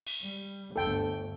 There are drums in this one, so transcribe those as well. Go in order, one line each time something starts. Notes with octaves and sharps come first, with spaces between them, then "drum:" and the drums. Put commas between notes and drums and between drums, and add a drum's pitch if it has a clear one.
drum: cymbal
G3
G1 D2 A4 G5